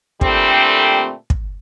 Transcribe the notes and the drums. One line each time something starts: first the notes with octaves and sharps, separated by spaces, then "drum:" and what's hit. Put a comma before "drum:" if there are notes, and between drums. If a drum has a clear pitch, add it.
A#2 D3 G3 A3 C4, drum: kick
drum: kick